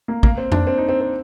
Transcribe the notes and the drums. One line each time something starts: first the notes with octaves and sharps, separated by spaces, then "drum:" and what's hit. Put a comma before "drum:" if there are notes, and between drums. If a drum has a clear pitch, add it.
A#3
A#3, drum: kick A1
C4
D4, drum: tom F2
C4
D#4
C4
C4